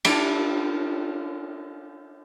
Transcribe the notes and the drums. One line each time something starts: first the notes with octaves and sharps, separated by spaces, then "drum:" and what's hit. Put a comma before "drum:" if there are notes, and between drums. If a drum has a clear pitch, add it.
D4 E4 A4, drum: cymbal